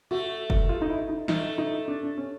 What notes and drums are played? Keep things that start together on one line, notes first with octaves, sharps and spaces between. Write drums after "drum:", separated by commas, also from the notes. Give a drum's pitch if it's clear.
A3 F#4
drum: kick
F4
D#4
E4
D#4
A3 D#4, drum: snare
D#4
D4
D4
C#4